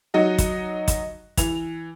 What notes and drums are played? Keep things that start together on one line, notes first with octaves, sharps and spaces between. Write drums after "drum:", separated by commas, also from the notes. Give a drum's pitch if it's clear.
F#3 D#4 F#4
drum: kick, hi-hat
drum: kick, hi-hat
E3 F7, drum: kick, hi-hat